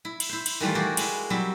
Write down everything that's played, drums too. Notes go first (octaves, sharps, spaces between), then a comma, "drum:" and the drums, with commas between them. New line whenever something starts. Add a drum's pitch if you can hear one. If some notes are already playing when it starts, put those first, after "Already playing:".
E4
drum: cymbal
E4 C5
drum: cymbal
D#3 E3 G3 A3 F4
E4 F#4 G#4 A#4 C5 D5
G#3 E4, drum: cymbal
F#3 G3 C4 E4 E5